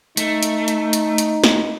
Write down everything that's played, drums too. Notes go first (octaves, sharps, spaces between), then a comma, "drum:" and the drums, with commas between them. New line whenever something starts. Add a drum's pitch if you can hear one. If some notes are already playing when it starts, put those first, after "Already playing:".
A3 D#4, drum: hi-hat
drum: hi-hat
drum: hi-hat
drum: hi-hat
drum: hi-hat
drum: snare